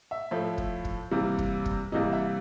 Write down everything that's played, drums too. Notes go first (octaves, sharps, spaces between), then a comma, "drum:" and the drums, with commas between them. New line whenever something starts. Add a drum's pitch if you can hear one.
E5
A2 F3 A3
drum: kick
drum: kick
C3 E3 G3 A#3
drum: kick
drum: kick
C3 E3 G3 A#3 D#5
E5